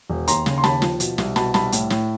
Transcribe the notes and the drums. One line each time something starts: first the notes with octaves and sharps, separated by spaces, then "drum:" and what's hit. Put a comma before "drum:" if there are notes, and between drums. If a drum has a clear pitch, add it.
E1
D#2 A#5 C6, drum: hi-hat
C#3, drum: snare
C6
D#2 A5 B5, drum: snare
F3, drum: snare
B2, drum: hi-hat
C2, drum: snare
B2 A5 B5, drum: snare
C2 A5 B5, drum: snare
A2, drum: hi-hat
A2, drum: snare